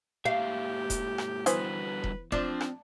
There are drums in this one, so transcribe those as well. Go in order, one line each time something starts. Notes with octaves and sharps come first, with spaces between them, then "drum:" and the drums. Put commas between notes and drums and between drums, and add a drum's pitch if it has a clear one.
G#2 A#3 G4 E5 F5
drum: kick E1, hi-hat
drum: rim click
D3 E3 G3 B3 F#4 B4 C5, drum: hi-hat
drum: kick E1
F3 C4 D4, drum: kick E1
drum: rim click